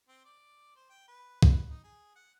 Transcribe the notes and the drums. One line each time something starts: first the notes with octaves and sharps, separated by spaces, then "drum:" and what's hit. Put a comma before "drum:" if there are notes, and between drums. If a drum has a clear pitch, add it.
C4
D5
C5
G5
B4
B4, drum: kick
D#4
G#4
F#5